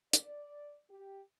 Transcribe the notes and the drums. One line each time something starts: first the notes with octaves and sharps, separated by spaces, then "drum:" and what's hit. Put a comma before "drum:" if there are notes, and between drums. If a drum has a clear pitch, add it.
D5, drum: hi-hat
G4